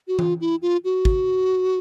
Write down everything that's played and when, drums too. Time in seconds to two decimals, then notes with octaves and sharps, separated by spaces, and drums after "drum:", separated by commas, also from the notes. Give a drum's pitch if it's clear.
0.08 F#4
0.19 F4, drum: tom E3
0.41 E4
0.62 F4
0.84 F#4
1.05 drum: kick